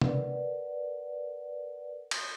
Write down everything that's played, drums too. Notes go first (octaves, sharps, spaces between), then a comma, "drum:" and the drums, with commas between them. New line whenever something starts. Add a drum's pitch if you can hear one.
A#4 B4 D5 F#5, drum: tom
drum: cymbal